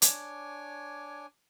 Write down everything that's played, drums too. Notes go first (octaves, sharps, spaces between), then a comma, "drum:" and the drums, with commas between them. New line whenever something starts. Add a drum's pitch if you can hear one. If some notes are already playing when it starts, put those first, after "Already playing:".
D4 C#5 G#5 D6, drum: hi-hat